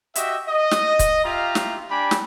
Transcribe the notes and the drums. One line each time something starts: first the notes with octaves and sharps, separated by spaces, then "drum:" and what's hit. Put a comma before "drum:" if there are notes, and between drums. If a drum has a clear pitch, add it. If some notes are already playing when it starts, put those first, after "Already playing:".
F#4 G4 D#5 E5, drum: hi-hat
D#5
drum: snare
drum: kick, hi-hat
F4 G4 E5 F5 A#5
drum: snare
D4 G4 G#5 B5
drum: snare